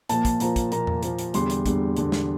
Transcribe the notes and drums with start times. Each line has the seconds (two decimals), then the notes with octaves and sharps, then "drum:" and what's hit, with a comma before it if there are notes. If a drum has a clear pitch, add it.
0.09 A#2 F3 A#3 A5, drum: hi-hat
0.25 drum: kick, hi-hat
0.40 A#2 F3 A#3 A#5, drum: hi-hat
0.56 drum: kick, hi-hat
0.72 A#2 F3 A#3 A#5, drum: hi-hat
0.87 drum: tom E2
1.03 A#2 F3 A#3, drum: hi-hat
1.19 drum: hi-hat
1.34 E2 D3 G3 C6, drum: hi-hat
1.50 drum: hi-hat
1.66 E2 D3 G3, drum: kick, hi-hat
1.97 E2 D3 G3, drum: hi-hat
2.12 drum: snare